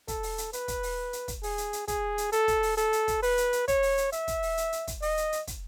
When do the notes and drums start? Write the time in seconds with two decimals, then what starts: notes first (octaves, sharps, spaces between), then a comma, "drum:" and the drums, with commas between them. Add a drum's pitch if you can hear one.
0.08 A4, drum: kick, hi-hat
0.23 drum: open hi-hat
0.38 drum: hi-hat
0.53 B4, drum: hi-hat
0.68 drum: kick, hi-hat
0.83 drum: open hi-hat
1.13 drum: hi-hat
1.28 drum: kick, hi-hat
1.43 G#4, drum: open hi-hat
1.58 drum: hi-hat
1.73 drum: hi-hat
1.88 G#4, drum: kick, hi-hat
2.18 drum: hi-hat
2.32 A4, drum: hi-hat
2.48 drum: kick, hi-hat
2.63 drum: open hi-hat
2.77 A4, drum: hi-hat
2.93 drum: hi-hat
3.08 drum: kick, hi-hat
3.23 B4, drum: open hi-hat
3.38 drum: hi-hat
3.53 drum: hi-hat
3.68 C#5, drum: kick, hi-hat
3.83 drum: open hi-hat
3.98 drum: hi-hat
4.12 E5, drum: hi-hat
4.28 drum: kick, hi-hat
4.43 drum: open hi-hat
4.58 drum: hi-hat
4.73 drum: hi-hat
4.87 drum: kick, hi-hat
5.02 D#5, drum: open hi-hat
5.17 drum: hi-hat
5.32 drum: hi-hat
5.47 drum: kick, hi-hat